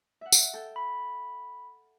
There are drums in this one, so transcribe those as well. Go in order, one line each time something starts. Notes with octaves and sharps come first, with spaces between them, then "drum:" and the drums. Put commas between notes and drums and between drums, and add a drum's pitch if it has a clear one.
E5 F#5
drum: tambourine
A4 G5
B5